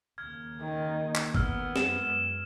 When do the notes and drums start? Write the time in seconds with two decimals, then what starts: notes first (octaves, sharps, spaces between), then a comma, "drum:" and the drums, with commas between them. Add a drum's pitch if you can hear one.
0.18 D#2 C#3 A#3 F6 G#6
0.62 D#3
1.15 drum: clap
1.34 B3 E6 F6, drum: kick
1.76 F#2 G#3 E7, drum: snare